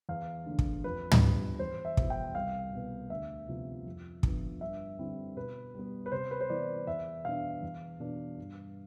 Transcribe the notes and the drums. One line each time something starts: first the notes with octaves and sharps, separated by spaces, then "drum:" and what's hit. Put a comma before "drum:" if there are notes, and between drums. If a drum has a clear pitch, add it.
E2 F5
D3 A3 D4
drum: kick
F2 B4
drum: tom
D3 G3 B3 E4
E2 C5
E5
B2 B3 E4, drum: kick
G5
C2 F5
B2 B3
D2 E5
C3 F3 B3 E4
F2
D3 F3 B3, drum: kick
G2 E5
D3 G3 C4 E4
B2 B4
G3 B3
B4
C3 C5
B4
C5
E3 B3 E4 D5
E2 E5
B2 B3 D4 F5
E2
B2 B3 D4
G2